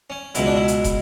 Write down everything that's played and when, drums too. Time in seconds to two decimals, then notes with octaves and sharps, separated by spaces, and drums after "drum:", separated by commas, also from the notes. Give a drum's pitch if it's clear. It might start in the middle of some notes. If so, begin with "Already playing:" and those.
0.10 C#4
0.35 C#2 B2 F#3 E4, drum: hi-hat
0.46 D4
0.56 E4
0.68 drum: hi-hat
0.84 drum: kick, hi-hat